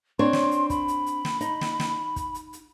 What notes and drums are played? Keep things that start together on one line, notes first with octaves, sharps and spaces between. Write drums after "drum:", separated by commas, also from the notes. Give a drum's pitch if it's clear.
C4 D4 C#5 C6
drum: snare
drum: hi-hat
B5, drum: kick, hi-hat
drum: hi-hat
drum: hi-hat
drum: snare
D#4, drum: hi-hat
drum: snare
drum: snare
drum: kick, hi-hat
drum: hi-hat
drum: hi-hat